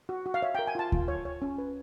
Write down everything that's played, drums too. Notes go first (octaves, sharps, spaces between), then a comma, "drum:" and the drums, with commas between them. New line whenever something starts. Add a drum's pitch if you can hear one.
F#4
F#4
F5
C#5 E5
A#4 G5
G#5
F4 A5
F4, drum: kick D2
C#5
C#5
C#4
B4